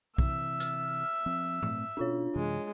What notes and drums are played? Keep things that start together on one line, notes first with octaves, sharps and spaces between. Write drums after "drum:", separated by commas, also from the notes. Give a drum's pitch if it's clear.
C3 E3 E5, drum: kick B1
F6, drum: hi-hat
F3 C4
A#2 A3 C4, drum: tom G#2
B2 C#4 D4 F4 C#5
F#2 C3 E3 G#3